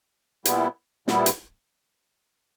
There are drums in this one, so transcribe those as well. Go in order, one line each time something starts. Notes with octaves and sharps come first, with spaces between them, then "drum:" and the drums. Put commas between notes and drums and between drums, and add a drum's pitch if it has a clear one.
A#2 G3 B3 E4, drum: hi-hat
A#2 G3 B3 E4, drum: snare
drum: hi-hat